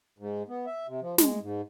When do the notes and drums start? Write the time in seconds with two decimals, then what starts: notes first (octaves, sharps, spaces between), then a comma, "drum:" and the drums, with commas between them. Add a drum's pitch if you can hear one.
0.18 G#2
0.48 B3
0.66 E5
0.87 C3
1.01 F3
1.18 G#3, drum: snare
1.42 G#2